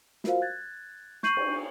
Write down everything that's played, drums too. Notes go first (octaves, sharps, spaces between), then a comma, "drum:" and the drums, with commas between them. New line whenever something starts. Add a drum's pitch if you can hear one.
F4 F#4 A#4 C5 F5, drum: snare
F#6 G#6 A6
C#6 G6 C7 D#7 F#7, drum: snare
drum: cymbal